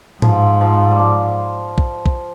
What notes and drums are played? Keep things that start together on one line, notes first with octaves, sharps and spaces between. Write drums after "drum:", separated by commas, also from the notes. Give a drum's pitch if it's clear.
G#2 F3, drum: tom A2
F3
G3
F3
drum: kick
drum: kick